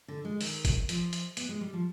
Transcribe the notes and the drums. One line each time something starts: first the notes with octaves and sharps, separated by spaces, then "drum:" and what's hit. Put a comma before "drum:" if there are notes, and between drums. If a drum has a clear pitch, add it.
D3
G#3
D#3, drum: open hi-hat
drum: kick G1, hi-hat
F3, drum: hi-hat
drum: hi-hat
B3, drum: hi-hat
G#3
G3
F3